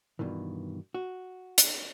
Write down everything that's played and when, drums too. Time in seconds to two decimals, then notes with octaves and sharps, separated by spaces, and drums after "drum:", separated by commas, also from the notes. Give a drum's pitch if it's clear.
0.19 G2 B2 D#3 E3
0.95 F#4
1.58 drum: hi-hat